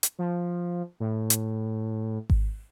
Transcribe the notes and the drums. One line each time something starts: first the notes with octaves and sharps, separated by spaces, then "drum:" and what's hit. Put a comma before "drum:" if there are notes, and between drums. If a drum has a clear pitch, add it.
drum: hi-hat
F3
A2
drum: hi-hat
drum: kick G#1